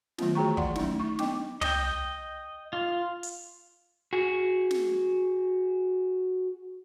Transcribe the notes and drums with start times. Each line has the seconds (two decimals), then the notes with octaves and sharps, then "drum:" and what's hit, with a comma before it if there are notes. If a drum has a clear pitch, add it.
0.18 D#3 F#3 A3 B3 F4, drum: snare
0.35 E3 F#4 G#4 G5 A#5 C#6
0.57 D5 F#5 C6, drum: kick
0.75 F#3 A3 C#4 D#4 E4, drum: snare
1.00 D#4 C#6
1.19 B3 D4 D#5 G5 D6, drum: snare
1.61 D#5 G5, drum: tom
2.73 F4
3.23 drum: hi-hat
4.13 F#4 G#4
4.71 drum: snare